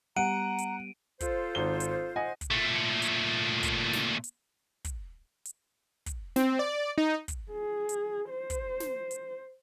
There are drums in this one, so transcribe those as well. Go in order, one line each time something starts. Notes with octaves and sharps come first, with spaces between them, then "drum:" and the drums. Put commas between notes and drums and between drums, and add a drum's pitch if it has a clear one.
G3 B3 G4 F#5 A#5 D7 D#7
drum: hi-hat
F4 A4 C5, drum: kick, hi-hat
G#1 G7
drum: hi-hat
D#5 F#5 G#5
drum: kick, hi-hat
A#2 A3
drum: hi-hat
drum: kick, hi-hat
drum: snare
drum: hi-hat
drum: kick, hi-hat
drum: hi-hat
drum: kick, hi-hat
C4, drum: snare
D5
D#4
drum: kick, hi-hat
G#4
drum: hi-hat
C5
drum: kick, hi-hat
drum: snare
drum: hi-hat